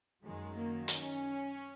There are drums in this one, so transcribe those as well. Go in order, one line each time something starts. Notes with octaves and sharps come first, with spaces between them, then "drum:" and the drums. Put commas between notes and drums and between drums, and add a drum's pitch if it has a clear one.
F#2 D#3 F#3 G#3
A#3
C#4, drum: hi-hat